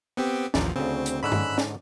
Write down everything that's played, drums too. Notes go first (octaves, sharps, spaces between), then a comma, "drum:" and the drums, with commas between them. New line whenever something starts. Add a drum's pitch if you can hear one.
B3 C4 G4
A1 D#2 F3 D4 D5 A#5, drum: snare
D2 C#3 C4
drum: hi-hat
G#2 D3 C#4 B5 E6 F#6
drum: tom G2
drum: snare